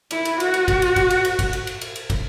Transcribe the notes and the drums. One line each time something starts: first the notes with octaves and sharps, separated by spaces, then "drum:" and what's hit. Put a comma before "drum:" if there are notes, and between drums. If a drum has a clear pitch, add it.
E4, drum: cymbal
drum: cymbal
F#4, drum: cymbal
drum: cymbal
drum: kick, cymbal
drum: cymbal
drum: kick, cymbal
drum: cymbal
drum: cymbal
drum: kick, cymbal
drum: cymbal
drum: cymbal
drum: cymbal
drum: cymbal
drum: kick, cymbal